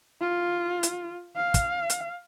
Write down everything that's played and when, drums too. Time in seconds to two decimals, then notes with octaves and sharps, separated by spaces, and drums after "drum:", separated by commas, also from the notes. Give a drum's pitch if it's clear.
0.21 F4
0.83 drum: hi-hat
1.36 F5
1.54 drum: kick, hi-hat
1.90 drum: hi-hat